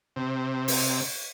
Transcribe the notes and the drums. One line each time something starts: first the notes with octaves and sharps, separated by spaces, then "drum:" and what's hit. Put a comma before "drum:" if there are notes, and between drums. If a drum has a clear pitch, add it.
C3
drum: open hi-hat